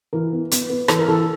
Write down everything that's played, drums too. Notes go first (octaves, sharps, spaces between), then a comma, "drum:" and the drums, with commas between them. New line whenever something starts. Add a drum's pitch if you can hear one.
E3 A#4
B3
B3, drum: hi-hat
B3
E3 A4, drum: rim click
A#4
E3 A4